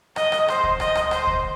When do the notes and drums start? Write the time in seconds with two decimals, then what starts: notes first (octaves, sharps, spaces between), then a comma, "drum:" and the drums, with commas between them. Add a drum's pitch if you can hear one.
0.16 D#5, drum: rim click
0.32 drum: rim click
0.48 C5, drum: rim click
0.64 drum: kick D2
0.80 D#5, drum: rim click
0.95 drum: rim click
1.11 C5, drum: rim click
1.27 drum: kick D2